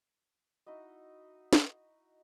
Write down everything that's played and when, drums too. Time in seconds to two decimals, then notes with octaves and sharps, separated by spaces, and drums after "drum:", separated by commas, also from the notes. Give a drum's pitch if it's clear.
0.67 D#4 E4 F#4 D#5
1.53 drum: snare